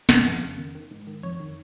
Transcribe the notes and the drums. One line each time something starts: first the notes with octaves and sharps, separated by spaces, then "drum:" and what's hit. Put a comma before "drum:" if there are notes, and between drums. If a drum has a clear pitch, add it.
C#3, drum: snare
F2 F#5
F5
C#3
D#3
D#3
G#2
D#3
F2 C#5
D#3